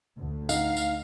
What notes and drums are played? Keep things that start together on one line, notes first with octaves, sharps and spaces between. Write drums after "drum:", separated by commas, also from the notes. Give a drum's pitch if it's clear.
D2
D#4 F5 F#5, drum: tambourine
drum: tambourine